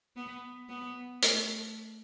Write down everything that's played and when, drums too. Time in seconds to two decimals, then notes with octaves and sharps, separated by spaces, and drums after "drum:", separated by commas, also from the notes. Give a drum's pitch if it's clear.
0.16 B3
0.69 B3
1.22 A3, drum: hi-hat